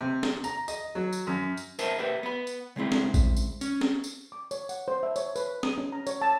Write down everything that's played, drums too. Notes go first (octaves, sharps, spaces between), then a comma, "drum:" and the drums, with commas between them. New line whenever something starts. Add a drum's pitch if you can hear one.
C3
drum: snare
A#5, drum: tambourine
D#5, drum: tambourine
F#3
drum: tambourine
F#2
drum: tambourine
A#4 C5 D#5 E5 A5, drum: tambourine
G4 B4 E5
B3 B5
drum: tambourine
C#3 G#3 C4 E4
drum: snare
drum: kick A1, tambourine
drum: tambourine
C#4, drum: tambourine
drum: snare
drum: tambourine
D6
C#5, drum: tambourine
F#5, drum: tambourine
C5
E5
C#5, drum: tambourine
B4, drum: tambourine
D#6, drum: snare
C#4
A#5
C#5, drum: tambourine
A5